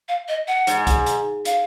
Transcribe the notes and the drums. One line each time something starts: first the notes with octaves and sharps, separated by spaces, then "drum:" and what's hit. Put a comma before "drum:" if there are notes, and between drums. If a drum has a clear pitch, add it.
F5
D#5
F#5
G#2, drum: hi-hat
drum: kick, hi-hat
drum: hi-hat
F5, drum: hi-hat